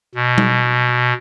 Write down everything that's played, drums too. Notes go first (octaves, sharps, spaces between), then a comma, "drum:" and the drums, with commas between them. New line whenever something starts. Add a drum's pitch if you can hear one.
B2
drum: tom G3